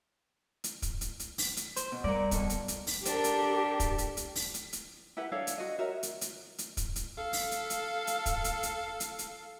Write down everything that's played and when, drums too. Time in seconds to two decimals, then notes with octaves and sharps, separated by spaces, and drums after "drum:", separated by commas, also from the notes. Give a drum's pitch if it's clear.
0.64 drum: hi-hat
0.82 drum: kick, hi-hat
1.01 drum: hi-hat
1.20 drum: hi-hat
1.38 drum: open hi-hat
1.57 drum: hi-hat
1.76 C5, drum: hi-hat
1.92 B2
2.04 G3 A#4 D5
2.31 B2 A4, drum: kick, hi-hat
2.50 drum: hi-hat
2.68 drum: hi-hat
2.87 drum: open hi-hat
3.05 D4 G4 A4 A#4, drum: hi-hat
3.24 drum: hi-hat
3.80 drum: kick, hi-hat
3.98 drum: hi-hat
4.17 drum: hi-hat
4.35 drum: open hi-hat
4.54 drum: hi-hat
4.73 drum: hi-hat
5.17 E4 G4 B4 F#5
5.32 D4 A4 C#5 F5
5.47 drum: hi-hat
5.58 F#4 D#5
5.79 F#4 A#4 C#5 E5
6.03 drum: hi-hat
6.21 drum: hi-hat
6.58 drum: hi-hat
6.77 drum: kick, hi-hat
6.96 drum: hi-hat
7.17 A4 F5
7.33 drum: open hi-hat
7.51 drum: hi-hat
7.70 drum: hi-hat
8.07 drum: hi-hat
8.26 drum: kick, hi-hat
8.44 drum: hi-hat
8.63 drum: hi-hat
9.00 drum: hi-hat
9.19 drum: hi-hat